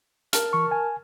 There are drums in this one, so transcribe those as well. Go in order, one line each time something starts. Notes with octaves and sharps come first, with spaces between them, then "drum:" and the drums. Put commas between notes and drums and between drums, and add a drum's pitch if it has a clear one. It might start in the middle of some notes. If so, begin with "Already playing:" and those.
A#4 A5 F6, drum: hi-hat
E3 C#6
G#5